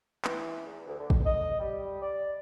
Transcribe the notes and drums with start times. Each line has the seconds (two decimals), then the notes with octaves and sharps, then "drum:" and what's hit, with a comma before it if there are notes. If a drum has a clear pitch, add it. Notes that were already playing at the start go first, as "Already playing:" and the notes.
0.25 E3, drum: clap
0.67 E2
0.86 D2
0.99 D3
1.10 drum: kick
1.25 D#5
1.59 G3
2.02 D5